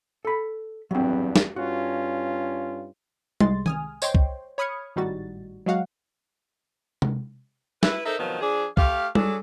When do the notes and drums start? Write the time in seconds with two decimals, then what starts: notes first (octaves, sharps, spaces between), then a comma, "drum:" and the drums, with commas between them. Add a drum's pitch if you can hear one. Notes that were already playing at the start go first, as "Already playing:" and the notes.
0.25 A4 B5
0.91 G#1 E2 G2 F#3 C4
1.36 drum: snare
1.56 G2 C#4 F4 F#4
3.41 C2 C3 G#3 C6 A6, drum: tom G3
3.66 G#5 D#6 F6, drum: tom D#3
4.02 C5 C#5 D#5 G5 C6, drum: tambourine
4.15 drum: kick
4.58 C#5 B5 D#6 F6 G#6 C#7
4.96 G#1 A2 G3 D#4 F#4 A6
5.66 F#3 G#3 F#4 F5 F#5
7.02 drum: tom C3
7.83 E4 B4, drum: snare
8.05 D#4 A4 A#4 C5 E5
8.19 C3 D#3 F3 F#3 B3
8.42 F3 D4 G#4
8.77 A3 G4 F5, drum: kick
9.15 F#3 D4 G#4 A4, drum: tom G3